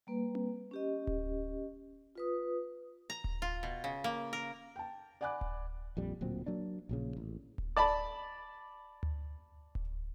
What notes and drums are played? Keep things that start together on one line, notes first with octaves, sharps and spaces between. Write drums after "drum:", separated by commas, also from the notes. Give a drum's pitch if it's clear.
G3 A#3 B4
drum: tom C4
C#4 G4 D#5
drum: kick D1
F4 B4 D#6
A#5
drum: kick D1
F4
B2
C#3
A#3
A#4
G5 A5
D5 F#5 G#5 B5 D6 F#6
drum: kick D1
A#1 F2 G3
D1 A#2 F#3 C4
F#3 A#3 D4
A#1 A#2 C#3
A1
drum: kick D1
D5 A5 B5
drum: tom D2
drum: kick D1